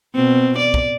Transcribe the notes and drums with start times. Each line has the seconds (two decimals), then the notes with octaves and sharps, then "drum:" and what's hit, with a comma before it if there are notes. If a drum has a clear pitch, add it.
0.15 B2 C4
0.58 D5
0.74 drum: kick